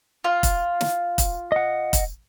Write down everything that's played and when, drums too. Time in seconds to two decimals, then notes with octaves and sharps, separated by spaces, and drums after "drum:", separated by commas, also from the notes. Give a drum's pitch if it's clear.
0.24 F4
0.43 drum: kick, hi-hat
0.81 drum: snare
1.18 drum: kick, hi-hat
1.52 D#5 F#5
1.93 drum: kick, hi-hat